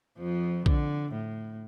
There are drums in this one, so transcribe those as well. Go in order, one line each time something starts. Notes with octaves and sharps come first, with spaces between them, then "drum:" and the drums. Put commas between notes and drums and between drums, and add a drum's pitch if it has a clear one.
F2 F3
D3, drum: kick
A2